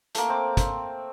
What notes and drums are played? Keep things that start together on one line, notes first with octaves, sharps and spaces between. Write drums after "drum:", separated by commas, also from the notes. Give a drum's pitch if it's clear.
A3 A#3, drum: hi-hat
C4 C5 D6
drum: kick, hi-hat